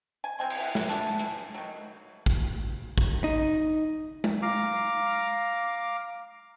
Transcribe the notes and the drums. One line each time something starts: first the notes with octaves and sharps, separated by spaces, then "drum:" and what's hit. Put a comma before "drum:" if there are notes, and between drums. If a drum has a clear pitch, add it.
G#5
E3 C4 G#5 C6
drum: cymbal
E4 F#5
drum: snare
E3 A3 D4, drum: hi-hat
E3, drum: hi-hat
D#3 F#3
drum: kick
drum: kick
D#4
drum: tom G#3
F5 A#5 D6